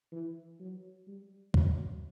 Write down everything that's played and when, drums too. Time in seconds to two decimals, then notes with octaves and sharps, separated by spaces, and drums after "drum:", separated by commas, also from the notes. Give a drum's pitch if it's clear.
0.12 E3
0.60 F#3
1.07 G3
1.54 F#3, drum: kick